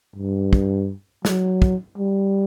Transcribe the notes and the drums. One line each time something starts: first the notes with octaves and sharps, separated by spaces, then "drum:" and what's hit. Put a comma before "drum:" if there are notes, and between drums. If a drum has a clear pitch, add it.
G2
drum: kick
F#3, drum: snare
drum: kick
G3